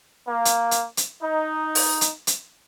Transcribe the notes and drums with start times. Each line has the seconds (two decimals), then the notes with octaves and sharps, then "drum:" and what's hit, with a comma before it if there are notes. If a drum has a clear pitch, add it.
0.28 A#3
0.45 drum: hi-hat
0.71 drum: hi-hat
0.97 drum: hi-hat
1.23 D#4
1.75 drum: open hi-hat
2.01 drum: hi-hat
2.27 drum: hi-hat